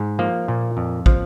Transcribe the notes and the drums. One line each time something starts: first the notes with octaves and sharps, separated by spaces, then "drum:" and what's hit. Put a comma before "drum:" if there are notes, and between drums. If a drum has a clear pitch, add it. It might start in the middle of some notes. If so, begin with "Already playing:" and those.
Already playing: G#2
F3 A#3
A#2
F2
F3, drum: kick